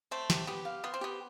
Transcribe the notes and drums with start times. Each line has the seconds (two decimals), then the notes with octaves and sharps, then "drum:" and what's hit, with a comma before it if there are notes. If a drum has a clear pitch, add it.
0.11 A3 C4 C5
0.30 G4, drum: snare
0.47 B3 G4
0.65 F5
0.84 B3 C5
0.94 C4
1.01 B3 G4